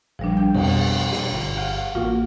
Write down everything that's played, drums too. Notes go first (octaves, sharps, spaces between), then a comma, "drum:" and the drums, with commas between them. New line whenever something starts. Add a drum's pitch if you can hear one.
A#1 F3 G3 D4
G5
F2 B2, drum: cymbal
drum: snare
G1
F5 F#5
A1 A#3 F4 F#4